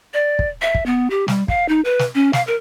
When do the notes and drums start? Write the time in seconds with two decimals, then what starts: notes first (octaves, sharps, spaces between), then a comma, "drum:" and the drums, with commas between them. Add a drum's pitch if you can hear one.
0.14 D5
0.39 drum: kick
0.62 E5
0.75 drum: kick
0.86 B3
1.10 G4
1.28 G3, drum: snare
1.48 F5, drum: kick
1.68 D#4
1.85 B4
1.99 drum: snare
2.15 C#4
2.33 F5, drum: snare
2.47 A#4